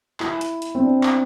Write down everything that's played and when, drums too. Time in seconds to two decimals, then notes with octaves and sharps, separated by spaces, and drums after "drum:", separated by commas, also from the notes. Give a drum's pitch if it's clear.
0.20 E4, drum: clap
0.41 drum: hi-hat
0.62 drum: hi-hat
0.75 C4
0.83 D4
1.03 drum: clap